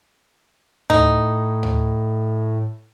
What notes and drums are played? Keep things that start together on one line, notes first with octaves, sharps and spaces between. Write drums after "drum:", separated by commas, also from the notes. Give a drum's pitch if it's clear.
A2 D#4, drum: tom
drum: tom